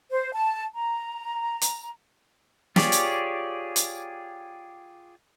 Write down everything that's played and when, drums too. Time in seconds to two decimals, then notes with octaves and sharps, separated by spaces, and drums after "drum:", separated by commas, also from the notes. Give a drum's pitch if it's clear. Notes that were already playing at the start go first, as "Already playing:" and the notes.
0.11 C5
0.33 A5
0.74 A#5
1.62 drum: hi-hat
2.76 F4 G4 G#4 C#5 D5, drum: snare
2.92 drum: hi-hat
3.76 drum: hi-hat